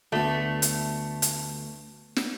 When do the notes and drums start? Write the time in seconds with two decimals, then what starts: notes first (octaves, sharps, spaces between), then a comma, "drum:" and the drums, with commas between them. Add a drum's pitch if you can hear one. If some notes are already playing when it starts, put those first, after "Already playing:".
0.12 D2 A3 B3
0.62 drum: hi-hat
1.22 drum: hi-hat
2.16 drum: snare